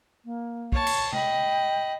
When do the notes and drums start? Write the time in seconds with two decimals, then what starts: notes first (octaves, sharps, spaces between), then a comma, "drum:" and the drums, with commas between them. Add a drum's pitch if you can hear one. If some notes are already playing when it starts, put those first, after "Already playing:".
0.25 A#3
0.72 C#5 A5, drum: kick
0.87 drum: cymbal
1.13 D#5 G5 B5, drum: tom C3